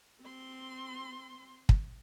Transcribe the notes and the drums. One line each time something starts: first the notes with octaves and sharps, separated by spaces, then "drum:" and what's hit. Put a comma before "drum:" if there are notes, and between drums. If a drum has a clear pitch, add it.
C4 C6
drum: kick